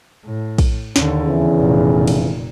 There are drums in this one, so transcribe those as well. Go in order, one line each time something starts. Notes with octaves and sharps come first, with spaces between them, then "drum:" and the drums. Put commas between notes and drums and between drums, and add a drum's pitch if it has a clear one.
A2
drum: kick, cymbal
D#2 D3, drum: snare
E2 C#3 E3
F1 A#2
drum: cymbal